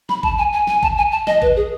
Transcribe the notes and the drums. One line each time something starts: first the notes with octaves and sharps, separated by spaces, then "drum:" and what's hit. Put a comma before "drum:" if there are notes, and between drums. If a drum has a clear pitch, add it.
B5, drum: snare
A5, drum: kick
G#5
G#5
G#5, drum: snare
A5, drum: kick
G#5
A5
D#5, drum: snare
B4, drum: kick
G#4